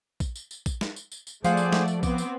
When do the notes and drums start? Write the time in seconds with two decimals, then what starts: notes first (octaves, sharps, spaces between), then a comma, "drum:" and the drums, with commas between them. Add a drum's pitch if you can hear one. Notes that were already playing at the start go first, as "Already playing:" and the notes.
0.20 drum: kick A#1, tambourine
0.36 drum: tambourine
0.51 drum: tambourine
0.66 drum: kick A#1, tambourine
0.81 drum: snare
0.96 drum: tambourine
1.12 drum: tambourine
1.27 drum: tambourine
1.44 F3 A3 G#4 C5 D5 F5 F#5, drum: tambourine
1.57 drum: tambourine
1.72 drum: snare
1.88 drum: tambourine
2.03 B3 C4 D6, drum: kick A#1, tambourine
2.18 drum: tambourine